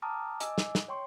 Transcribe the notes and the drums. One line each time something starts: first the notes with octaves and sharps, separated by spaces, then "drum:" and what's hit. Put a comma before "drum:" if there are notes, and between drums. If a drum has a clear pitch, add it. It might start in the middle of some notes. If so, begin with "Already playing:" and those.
G5 A5 A#5 D6 D#6 F6
D#5 G#5 D6 E6, drum: hi-hat
drum: snare
drum: snare
C#5 G5 C6 C#6